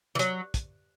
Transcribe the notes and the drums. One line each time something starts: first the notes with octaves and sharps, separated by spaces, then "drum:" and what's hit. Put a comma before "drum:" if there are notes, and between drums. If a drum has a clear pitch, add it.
E3
F#3, drum: hi-hat
drum: kick, hi-hat